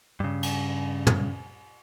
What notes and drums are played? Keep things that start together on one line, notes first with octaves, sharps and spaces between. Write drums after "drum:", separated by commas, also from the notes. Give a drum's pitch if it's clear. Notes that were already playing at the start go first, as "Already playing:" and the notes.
G2 C#3
drum: cymbal
drum: tom